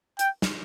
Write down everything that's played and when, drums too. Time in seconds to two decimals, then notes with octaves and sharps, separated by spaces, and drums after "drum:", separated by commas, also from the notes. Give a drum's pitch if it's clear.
0.19 G5, drum: hi-hat
0.42 drum: snare